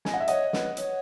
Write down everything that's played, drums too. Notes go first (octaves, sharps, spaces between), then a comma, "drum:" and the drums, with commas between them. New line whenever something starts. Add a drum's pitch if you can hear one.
D#5 G#5, drum: snare
F#5
E5
C#5 D#5 F#5, drum: hi-hat
B4, drum: snare
C#5, drum: hi-hat